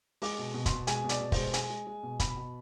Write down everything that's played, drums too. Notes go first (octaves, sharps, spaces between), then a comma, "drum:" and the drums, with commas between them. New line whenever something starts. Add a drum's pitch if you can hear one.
G#3 D6, drum: open hi-hat
B2
B2
C6, drum: kick, hi-hat
B2
G#3 G#5, drum: hi-hat
B2
D5, drum: hi-hat
B2
G#3 C5, drum: kick, open hi-hat
G#3 G#5, drum: hi-hat
G#3
G#3
B2
B2 B5, drum: kick, hi-hat
B2